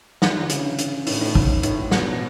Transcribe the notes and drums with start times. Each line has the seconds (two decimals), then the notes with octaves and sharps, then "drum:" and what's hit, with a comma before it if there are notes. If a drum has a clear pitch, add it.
0.22 E3, drum: snare
0.36 D3
0.49 C#3, drum: hi-hat
0.78 drum: hi-hat
1.07 A2, drum: open hi-hat
1.21 A2
1.35 G#2, drum: kick
1.63 A2, drum: hi-hat
1.91 B2, drum: snare